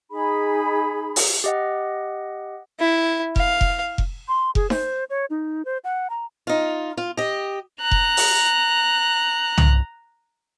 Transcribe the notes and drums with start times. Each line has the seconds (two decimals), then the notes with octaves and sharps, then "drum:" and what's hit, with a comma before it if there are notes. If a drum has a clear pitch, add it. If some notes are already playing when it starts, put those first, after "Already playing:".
0.11 D#4 G#4 B5
1.16 drum: open hi-hat
1.44 G4 D#5 F#5
2.80 E4
3.36 F5, drum: kick F1
3.61 drum: kick F1
3.98 drum: kick F1
4.28 C6
4.55 G#4, drum: kick F1
4.70 C5, drum: snare D#4
5.10 C#5
5.30 D#4
5.65 C5
5.84 F#5
6.10 A#5
6.47 D#4 F4
6.97 F4
7.17 G4 D#5
7.82 A#5 F#6
7.91 drum: kick F1
8.17 drum: open hi-hat
9.58 drum: tom C2